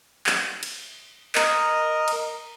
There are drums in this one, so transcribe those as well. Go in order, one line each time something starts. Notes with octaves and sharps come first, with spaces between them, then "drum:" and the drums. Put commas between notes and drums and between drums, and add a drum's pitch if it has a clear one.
drum: clap
drum: cymbal
A#4 D#5, drum: clap
drum: cymbal